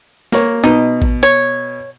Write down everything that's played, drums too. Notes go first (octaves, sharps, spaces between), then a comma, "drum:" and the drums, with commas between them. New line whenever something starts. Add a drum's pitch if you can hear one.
A#3 C#5, drum: snare
B2 D#4
drum: kick A1
C#5